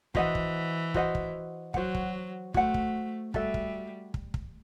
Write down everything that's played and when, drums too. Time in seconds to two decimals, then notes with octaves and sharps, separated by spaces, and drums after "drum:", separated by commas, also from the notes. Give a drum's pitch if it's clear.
0.15 E3 F#4 C5 D#5 F#5, drum: kick
0.35 drum: kick
0.94 F#4 C5 D#5 F#5, drum: kick
1.15 drum: kick
1.74 F#3 F#4 C5 F#5, drum: kick
1.95 drum: kick
2.54 A3 F#4 C5 F#5, drum: kick
2.74 drum: kick
3.34 G3 F#4 A4 E5, drum: kick
3.54 drum: kick
4.14 drum: kick
4.34 drum: kick